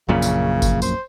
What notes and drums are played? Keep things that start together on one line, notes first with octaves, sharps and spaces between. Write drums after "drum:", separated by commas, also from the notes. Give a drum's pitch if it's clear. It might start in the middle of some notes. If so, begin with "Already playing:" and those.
A#1 F#2 A#2 C#3
drum: tambourine
drum: kick G1, tambourine
C5, drum: tambourine